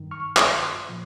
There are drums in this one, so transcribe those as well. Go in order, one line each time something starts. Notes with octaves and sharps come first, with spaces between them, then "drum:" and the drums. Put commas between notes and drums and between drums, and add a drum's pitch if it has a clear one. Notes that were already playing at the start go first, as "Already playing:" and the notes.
Already playing: G2 D#3
C#6 F6
D#6, drum: clap
F6
C6 D#6
A#2 F3